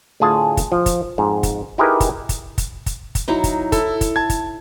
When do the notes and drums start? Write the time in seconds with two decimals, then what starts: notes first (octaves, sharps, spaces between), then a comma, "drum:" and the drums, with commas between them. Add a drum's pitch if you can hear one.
0.20 D2 A2 F4 G#4 G#5 A5
0.57 drum: kick, hi-hat
0.72 F3
0.86 drum: kick, hi-hat
1.18 F2 G#2
1.43 drum: kick, hi-hat
1.78 D#4 E4 G4 G#4 A#4 B4
2.00 drum: kick, hi-hat
2.29 drum: kick, hi-hat
2.58 drum: kick, hi-hat
2.86 drum: kick, hi-hat
3.15 drum: kick, hi-hat
3.28 F#3 D#4 E4
3.44 drum: kick, hi-hat
3.72 E4 A4, drum: kick, hi-hat
4.01 drum: kick, hi-hat
4.16 A5 G#6
4.30 drum: kick, hi-hat